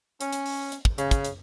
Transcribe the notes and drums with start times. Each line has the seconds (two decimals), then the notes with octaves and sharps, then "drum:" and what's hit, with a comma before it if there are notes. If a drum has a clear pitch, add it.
0.21 C#4, drum: hi-hat
0.33 drum: hi-hat
0.46 drum: open hi-hat
0.72 drum: hi-hat
0.85 drum: kick
0.98 C#3, drum: hi-hat
1.11 drum: kick, hi-hat
1.24 drum: hi-hat